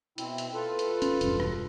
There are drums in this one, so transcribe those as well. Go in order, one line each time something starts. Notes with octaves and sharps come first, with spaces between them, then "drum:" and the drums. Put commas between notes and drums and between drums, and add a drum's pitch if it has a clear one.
B2 C4 E4, drum: hi-hat
drum: hi-hat
F4 A4 B4
drum: hi-hat
C#4, drum: hi-hat
E1 G2, drum: hi-hat
drum: rim click